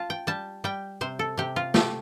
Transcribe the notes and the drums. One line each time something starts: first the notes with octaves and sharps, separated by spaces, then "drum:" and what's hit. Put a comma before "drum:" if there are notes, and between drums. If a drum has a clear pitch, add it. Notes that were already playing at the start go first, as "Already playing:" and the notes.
Already playing: F4 A5
G5
G3 A5
G3 G5
C3 C5
A4
C3 G4
F4
A3 G4, drum: snare